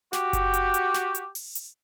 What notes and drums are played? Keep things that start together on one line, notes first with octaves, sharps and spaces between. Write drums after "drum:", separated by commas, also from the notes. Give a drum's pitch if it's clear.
F#4 G4, drum: snare
drum: kick F#1, hi-hat
drum: hi-hat
drum: hi-hat
drum: snare
drum: hi-hat
drum: open hi-hat
drum: hi-hat